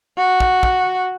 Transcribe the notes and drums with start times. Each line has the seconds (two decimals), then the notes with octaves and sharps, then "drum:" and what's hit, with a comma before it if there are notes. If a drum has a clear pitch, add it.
0.18 F#4
0.40 drum: kick
0.63 drum: kick